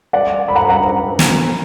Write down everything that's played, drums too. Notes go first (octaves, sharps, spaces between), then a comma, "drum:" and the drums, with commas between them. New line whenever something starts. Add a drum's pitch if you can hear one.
D5 F#5
B5
F#5 A#5
F#5 A#5
drum: snare